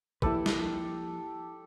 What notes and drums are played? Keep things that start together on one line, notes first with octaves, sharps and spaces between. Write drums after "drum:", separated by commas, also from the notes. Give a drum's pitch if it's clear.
F3 A#3 E4 G4 A4 B4 D5, drum: kick
drum: snare